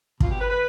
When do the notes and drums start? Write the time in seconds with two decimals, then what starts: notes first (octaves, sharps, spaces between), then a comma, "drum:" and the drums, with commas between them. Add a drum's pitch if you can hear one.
0.20 B2 B3 D4 F4, drum: kick
0.30 G4
0.40 B4
0.50 D3 B4